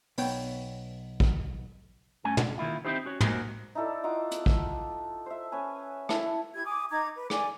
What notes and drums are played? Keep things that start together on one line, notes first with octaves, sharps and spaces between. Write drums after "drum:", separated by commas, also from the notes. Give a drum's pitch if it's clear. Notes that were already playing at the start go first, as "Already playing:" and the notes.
B1 B3 C#5 G5, drum: open hi-hat
drum: kick
G2 A3 C#4 G#5
D4, drum: tom
D#3 A#3 E4 F4
C4 C#4 D#4 E4 G4 C5
C#4 F#4 C#5
G#3 A#3 D#4 F#4 A#4 C5, drum: tom
D#4 E4 A4 D5
D#4 F4 F#5 D6
drum: hi-hat
drum: kick
C5 E5
C#4 B4 G#5
E4 A5, drum: rim click
E4 G4 G#6
G#5 D6 D#6
D#4 A#5 D6 G#6
B4
D5 G#5 D6, drum: rim click